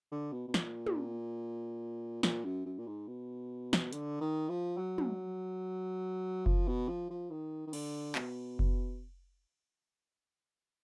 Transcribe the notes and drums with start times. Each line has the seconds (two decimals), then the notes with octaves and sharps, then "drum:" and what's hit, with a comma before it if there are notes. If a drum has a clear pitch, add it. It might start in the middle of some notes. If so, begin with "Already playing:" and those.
0.12 D3
0.33 B2
0.48 B2
0.54 A#2, drum: snare
0.87 drum: tom
2.23 A#2, drum: snare
2.45 F#2
2.65 F#2
2.79 A#2
2.87 G#2
3.08 B2
3.73 drum: snare
3.93 D3, drum: hi-hat
4.21 D#3
4.49 F3
4.77 F#3
4.98 drum: tom
6.46 F3, drum: kick F#1
6.68 B2
6.88 F3
7.10 F3
7.31 D#3
7.67 D#3
7.73 D3, drum: cymbal
8.15 B2, drum: clap
8.59 drum: kick F#1